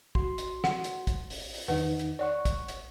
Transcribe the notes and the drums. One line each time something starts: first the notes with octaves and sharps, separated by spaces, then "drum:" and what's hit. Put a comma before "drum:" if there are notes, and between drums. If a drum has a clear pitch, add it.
F#4 C6, drum: kick
drum: hi-hat
F#5, drum: snare
drum: hi-hat
drum: kick, hi-hat
drum: open hi-hat
drum: open hi-hat
E2 D#3 D#4 B4 F#5
drum: hi-hat
C#5 D5 F#5 C#6
drum: kick, hi-hat
drum: hi-hat